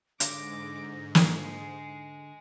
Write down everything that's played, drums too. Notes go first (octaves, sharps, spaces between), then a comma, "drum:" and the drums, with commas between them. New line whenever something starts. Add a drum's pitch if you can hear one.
G#2 D3 C#5 F5 D6 A#6, drum: hi-hat
G#3 C7, drum: snare